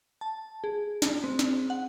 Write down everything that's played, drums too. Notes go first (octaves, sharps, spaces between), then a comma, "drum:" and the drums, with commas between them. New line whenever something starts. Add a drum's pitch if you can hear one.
A5
G#4
drum: snare
C4
drum: snare
F#5